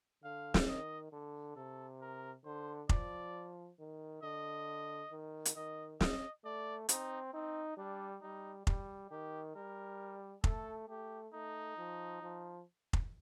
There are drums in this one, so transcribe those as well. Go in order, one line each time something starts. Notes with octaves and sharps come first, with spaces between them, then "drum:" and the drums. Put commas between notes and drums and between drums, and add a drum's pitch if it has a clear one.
D3 F5
drum: snare
D#3 D#5
D3
C3 A4
A#4
D3 C5
F3 D5, drum: kick F1
D#3
D3 D#5
D#3
drum: hi-hat
D#3 D#5
D#5, drum: snare
A3 D5
C4 D#4, drum: hi-hat
C4 D#4
G3 D4
G3 D#4
G3, drum: kick F1
D#3 G4
G3 A#4
A3 A4, drum: kick F1
A3 G4
A3 D#4
F3
F3
drum: kick F1